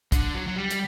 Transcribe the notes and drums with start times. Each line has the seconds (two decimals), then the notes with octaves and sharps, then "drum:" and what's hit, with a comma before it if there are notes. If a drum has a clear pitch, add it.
0.12 D3, drum: kick, hi-hat
0.35 F#3
0.47 F#3
0.56 G3
0.71 drum: hi-hat